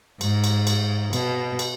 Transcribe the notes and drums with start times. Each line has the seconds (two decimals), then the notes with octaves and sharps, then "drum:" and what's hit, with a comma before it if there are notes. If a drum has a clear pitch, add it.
0.21 G#2, drum: cymbal
0.44 drum: cymbal
0.67 drum: cymbal
1.13 B2, drum: cymbal
1.59 drum: cymbal